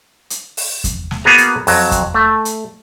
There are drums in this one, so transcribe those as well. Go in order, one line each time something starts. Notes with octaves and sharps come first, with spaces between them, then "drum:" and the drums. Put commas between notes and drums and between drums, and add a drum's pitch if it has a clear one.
drum: hi-hat
drum: open hi-hat
drum: kick E2, hi-hat
drum: snare
A#3 B3 F#4 G#4 A#5
drum: hi-hat
F2 F#3, drum: open hi-hat
drum: kick E2, hi-hat
A3
drum: hi-hat